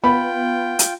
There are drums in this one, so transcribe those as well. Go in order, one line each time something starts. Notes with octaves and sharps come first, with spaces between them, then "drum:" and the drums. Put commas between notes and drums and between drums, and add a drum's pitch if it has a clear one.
B3 F4 G5 B5
drum: hi-hat